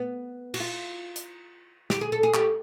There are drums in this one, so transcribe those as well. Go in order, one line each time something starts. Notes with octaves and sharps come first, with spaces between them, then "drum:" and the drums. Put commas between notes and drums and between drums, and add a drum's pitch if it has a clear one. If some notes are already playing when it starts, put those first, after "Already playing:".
Already playing: B3
F#4, drum: cymbal
F4
drum: hi-hat
G4, drum: snare
G#4
A4
G#4
G4, drum: clap